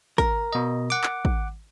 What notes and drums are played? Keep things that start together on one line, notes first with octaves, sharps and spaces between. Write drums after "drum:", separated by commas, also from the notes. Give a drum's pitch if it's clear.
A#4, drum: kick, hi-hat
B2 D#5
F#5 D6
drum: clap
drum: kick